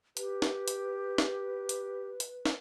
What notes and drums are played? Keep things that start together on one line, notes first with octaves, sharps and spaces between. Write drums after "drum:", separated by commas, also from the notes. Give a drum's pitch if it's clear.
G4 B4, drum: hi-hat
drum: snare
drum: hi-hat
drum: snare
drum: hi-hat
drum: hi-hat
drum: snare